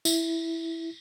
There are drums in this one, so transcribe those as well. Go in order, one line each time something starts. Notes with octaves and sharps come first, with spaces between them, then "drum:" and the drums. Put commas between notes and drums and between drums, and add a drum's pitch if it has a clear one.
E4, drum: tambourine